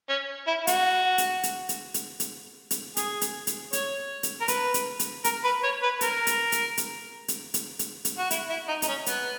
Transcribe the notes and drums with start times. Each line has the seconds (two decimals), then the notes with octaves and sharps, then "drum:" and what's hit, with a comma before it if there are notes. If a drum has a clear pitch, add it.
0.09 C#4
0.47 E4
0.67 F#4, drum: hi-hat
1.18 drum: hi-hat
1.43 drum: hi-hat
1.69 drum: hi-hat
1.94 drum: hi-hat
2.20 drum: hi-hat
2.71 drum: hi-hat
2.97 G#4, drum: hi-hat
3.21 drum: hi-hat
3.47 drum: hi-hat
3.73 C#5, drum: hi-hat
4.23 drum: hi-hat
4.41 A#4
4.48 B4, drum: hi-hat
4.74 drum: hi-hat
4.99 drum: hi-hat
5.24 A#4, drum: hi-hat
5.44 B4
5.63 C#5
5.83 B4
6.01 A#4, drum: hi-hat
6.27 drum: hi-hat
6.52 drum: hi-hat
6.77 drum: hi-hat
7.28 drum: hi-hat
7.54 drum: hi-hat
7.79 drum: hi-hat
8.05 drum: hi-hat
8.18 F#4
8.31 E4, drum: hi-hat
8.50 E4
8.68 D#4
8.82 D#4, drum: hi-hat
8.88 C#4
9.06 B3, drum: hi-hat